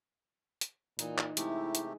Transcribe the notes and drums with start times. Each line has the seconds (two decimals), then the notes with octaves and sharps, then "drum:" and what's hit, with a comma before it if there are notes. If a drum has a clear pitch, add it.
0.61 drum: hi-hat
0.99 A#2 E3 D#4, drum: hi-hat
1.18 drum: clap
1.37 C3 G#3 A3 E4 G4, drum: hi-hat
1.75 drum: hi-hat